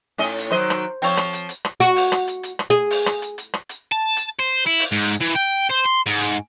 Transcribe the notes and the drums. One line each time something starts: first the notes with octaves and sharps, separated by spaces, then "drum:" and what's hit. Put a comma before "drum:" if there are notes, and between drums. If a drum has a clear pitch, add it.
A2 C#4 D#5
drum: hi-hat
D#3 F#3 C5 D#5
drum: rim click
F3 C4 A4 C#5, drum: open hi-hat
drum: rim click
drum: hi-hat
drum: hi-hat
drum: rim click
F#4, drum: hi-hat
drum: open hi-hat
drum: rim click
drum: hi-hat
drum: hi-hat
drum: rim click
G#4
drum: open hi-hat
drum: rim click
drum: hi-hat
drum: hi-hat
drum: rim click
drum: hi-hat
A5
drum: hi-hat
C5
E4
drum: open hi-hat
G#2
drum: hi-hat
E3
G5
C5
C6
G#2, drum: hi-hat
drum: hi-hat